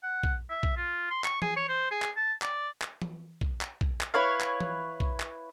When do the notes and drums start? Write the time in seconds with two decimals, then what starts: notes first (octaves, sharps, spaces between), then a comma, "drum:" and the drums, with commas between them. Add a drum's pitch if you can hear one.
0.03 F#5
0.23 drum: kick
0.50 E5
0.63 drum: kick
0.77 F4
1.11 C6
1.24 C#6, drum: clap
1.42 G#4, drum: tom E3
1.56 C#5
1.69 C5
1.91 G#4
2.02 drum: clap
2.17 A5
2.42 D5, drum: clap
2.82 drum: clap
3.02 drum: tom E3
3.41 drum: kick
3.61 drum: clap
3.81 drum: kick
4.01 drum: clap
4.14 E4 B4 C#5 F5
4.41 drum: clap
4.60 drum: tom E3
5.00 drum: kick
5.20 drum: clap